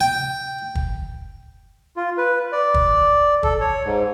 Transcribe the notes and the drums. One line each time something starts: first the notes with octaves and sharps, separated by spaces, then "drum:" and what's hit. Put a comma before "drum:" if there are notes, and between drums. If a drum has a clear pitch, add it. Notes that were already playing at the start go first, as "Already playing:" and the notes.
G5
drum: kick
F4
B4
D5
drum: kick
A4, drum: kick
C#5
G#2